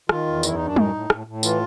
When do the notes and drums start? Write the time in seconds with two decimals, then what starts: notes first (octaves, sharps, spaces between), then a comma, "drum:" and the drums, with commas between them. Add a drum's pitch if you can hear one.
0.09 D#3 F4, drum: rim click
0.27 E2
0.43 F#2 E4, drum: tambourine
0.55 F#2 D#4
0.65 D4
0.76 A2 D#4, drum: tom G3
0.94 A2
1.10 A2, drum: rim click
1.27 A2
1.43 E3 F4, drum: tambourine